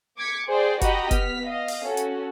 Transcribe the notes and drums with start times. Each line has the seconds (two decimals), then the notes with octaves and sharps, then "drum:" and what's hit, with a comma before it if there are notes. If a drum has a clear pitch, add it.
0.18 D6 G#6 B6 C#7
0.48 G#4 C5 D5 G5
0.81 F#4 G4 D#5 A#5 B5, drum: kick, hi-hat
1.11 B3 F6 B6, drum: kick, hi-hat
1.45 D#5 F5
1.68 drum: open hi-hat
1.83 C#4 F#4 A4
1.97 drum: hi-hat